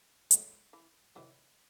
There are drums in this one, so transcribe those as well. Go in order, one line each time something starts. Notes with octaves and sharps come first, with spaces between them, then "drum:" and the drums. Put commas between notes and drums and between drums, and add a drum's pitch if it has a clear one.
C#2 C#3 F#3 A3 D#4, drum: hi-hat
E3
C3 D#3 E3 F#3